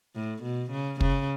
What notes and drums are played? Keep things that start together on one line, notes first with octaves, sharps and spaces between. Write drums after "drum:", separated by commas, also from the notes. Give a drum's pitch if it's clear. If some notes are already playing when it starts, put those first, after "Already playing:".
A2
B2
C#3
C#3, drum: kick